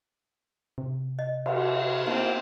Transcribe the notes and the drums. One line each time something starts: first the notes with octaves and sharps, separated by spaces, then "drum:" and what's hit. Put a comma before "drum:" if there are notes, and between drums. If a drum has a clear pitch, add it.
C3
D#5
drum: cymbal
A#3 C4 D#4 E4